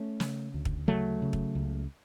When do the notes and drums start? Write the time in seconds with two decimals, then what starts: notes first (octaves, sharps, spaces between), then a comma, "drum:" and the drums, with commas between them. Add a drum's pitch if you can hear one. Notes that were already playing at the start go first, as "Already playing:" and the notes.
Already playing: A3 C#4
0.20 C#3, drum: snare
0.54 D2
0.65 drum: kick
0.88 C#3 F#3 A3
1.22 C#3
1.33 drum: kick
1.55 C#2